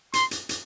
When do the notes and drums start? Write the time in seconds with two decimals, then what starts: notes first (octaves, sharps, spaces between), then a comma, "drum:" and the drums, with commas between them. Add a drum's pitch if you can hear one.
0.13 C6, drum: hi-hat
0.31 drum: hi-hat
0.49 drum: hi-hat